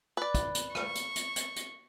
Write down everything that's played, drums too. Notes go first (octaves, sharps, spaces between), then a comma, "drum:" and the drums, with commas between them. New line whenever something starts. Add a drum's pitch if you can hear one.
B4 D5
drum: kick, hi-hat
drum: hi-hat
C#6, drum: rim click
drum: hi-hat
drum: hi-hat
drum: hi-hat
drum: hi-hat